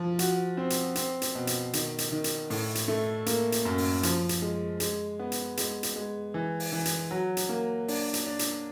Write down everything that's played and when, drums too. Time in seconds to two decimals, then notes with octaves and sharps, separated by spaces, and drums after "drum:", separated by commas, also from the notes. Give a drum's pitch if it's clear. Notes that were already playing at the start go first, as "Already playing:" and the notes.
Already playing: F3
0.19 F#4, drum: hi-hat
0.57 C4
0.70 drum: hi-hat
0.95 C4, drum: hi-hat
1.22 drum: hi-hat
1.35 B2
1.47 drum: hi-hat
1.73 D#3, drum: hi-hat
1.98 drum: hi-hat
2.12 D#3
2.24 drum: hi-hat
2.50 A2, drum: open hi-hat
2.75 drum: hi-hat
2.88 A3
3.26 A#3, drum: hi-hat
3.52 drum: hi-hat
3.65 F#2
3.78 drum: open hi-hat
4.03 F3, drum: hi-hat
4.29 drum: hi-hat
4.42 G#3
4.80 G#3, drum: hi-hat
5.19 B3
5.32 drum: hi-hat
5.57 G#3, drum: hi-hat
5.83 drum: hi-hat
5.96 G#3
6.34 E3
6.60 drum: open hi-hat
6.72 E3
6.85 drum: hi-hat
7.11 F#3
7.37 drum: hi-hat
7.49 A#3
7.88 D4, drum: open hi-hat
8.14 drum: hi-hat
8.26 D4
8.39 drum: hi-hat